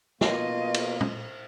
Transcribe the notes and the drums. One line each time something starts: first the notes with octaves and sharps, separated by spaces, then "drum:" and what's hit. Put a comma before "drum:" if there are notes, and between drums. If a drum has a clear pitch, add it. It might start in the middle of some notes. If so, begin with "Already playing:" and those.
B2 A#3 F4 D#5, drum: snare
drum: cymbal
drum: tom